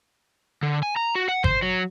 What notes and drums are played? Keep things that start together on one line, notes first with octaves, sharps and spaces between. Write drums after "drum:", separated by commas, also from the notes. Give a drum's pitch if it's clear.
D3
G#5
A#5
F#4
F#5
C5, drum: kick G#1
F#3